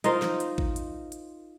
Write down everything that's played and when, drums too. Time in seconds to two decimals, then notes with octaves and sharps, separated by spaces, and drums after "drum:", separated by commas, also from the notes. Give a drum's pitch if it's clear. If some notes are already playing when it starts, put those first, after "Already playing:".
0.04 D#4 F4 A#4 C5, drum: hi-hat
0.22 drum: snare
0.40 drum: hi-hat
0.58 drum: kick A1
0.76 drum: hi-hat
1.12 drum: hi-hat